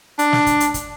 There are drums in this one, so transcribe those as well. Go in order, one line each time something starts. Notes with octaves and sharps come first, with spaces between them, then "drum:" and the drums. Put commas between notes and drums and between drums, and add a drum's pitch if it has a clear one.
D4, drum: hi-hat
drum: snare
drum: kick, hi-hat
drum: hi-hat
drum: kick, hi-hat